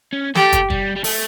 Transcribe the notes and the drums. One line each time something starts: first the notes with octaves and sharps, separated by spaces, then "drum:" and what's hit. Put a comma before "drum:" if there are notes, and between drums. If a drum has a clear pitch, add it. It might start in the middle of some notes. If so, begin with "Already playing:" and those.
C#4
A3 G4, drum: snare
drum: kick, hi-hat
G3, drum: kick
G3
A3, drum: open hi-hat